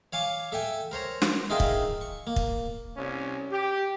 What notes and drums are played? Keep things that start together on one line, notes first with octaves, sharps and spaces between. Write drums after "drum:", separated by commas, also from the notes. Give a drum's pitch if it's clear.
C#5 F5 G#5 D6
A4 E5 G5 G#5
A#4 C5 C#5 A#5
drum: snare
D#4 F4 G#4 A#4 E5 G5
drum: kick
C#6
A#3
drum: kick
C2 C3 C#4
G4